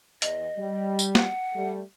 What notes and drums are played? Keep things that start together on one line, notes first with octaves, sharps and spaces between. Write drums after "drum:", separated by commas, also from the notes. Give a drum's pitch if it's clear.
E2 D#5, drum: hi-hat
G3
drum: tambourine
F#5, drum: snare
G3 A3